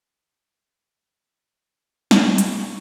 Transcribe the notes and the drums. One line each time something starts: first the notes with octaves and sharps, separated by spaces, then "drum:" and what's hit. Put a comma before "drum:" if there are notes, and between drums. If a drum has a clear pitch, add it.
B2 G4 G5 C#6, drum: snare
drum: hi-hat